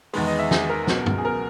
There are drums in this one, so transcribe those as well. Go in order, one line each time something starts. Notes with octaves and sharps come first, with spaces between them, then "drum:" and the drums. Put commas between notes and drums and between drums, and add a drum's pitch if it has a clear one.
E2 D#3 G#3 B4, drum: open hi-hat
D#5
E5
G#4, drum: snare
A#4
C#2 B2 F#3 B3, drum: snare
drum: tom
G#4
A#4